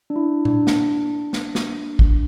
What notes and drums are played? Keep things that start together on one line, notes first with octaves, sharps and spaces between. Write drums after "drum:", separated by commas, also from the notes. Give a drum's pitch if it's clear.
D4
E4
D4, drum: tom A#2
drum: snare
drum: snare
drum: snare
drum: kick